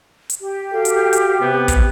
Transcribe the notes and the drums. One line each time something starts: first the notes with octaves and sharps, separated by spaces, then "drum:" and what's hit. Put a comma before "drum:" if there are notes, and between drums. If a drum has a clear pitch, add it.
drum: hi-hat
G4
F#4 A4 F5
drum: hi-hat
drum: hi-hat
C3 B3
drum: kick, hi-hat